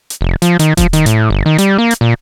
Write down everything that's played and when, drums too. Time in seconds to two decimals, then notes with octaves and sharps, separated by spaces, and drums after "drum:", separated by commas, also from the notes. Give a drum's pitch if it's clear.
0.10 drum: hi-hat
0.21 F1
0.42 F3, drum: hi-hat
0.59 D#3, drum: hi-hat
0.77 F3, drum: kick D#1, hi-hat
0.93 D#3, drum: hi-hat
1.06 A2, drum: hi-hat
1.30 G1
1.46 D#3
1.58 G3, drum: hi-hat
1.78 A#3
1.91 drum: hi-hat
2.01 A#2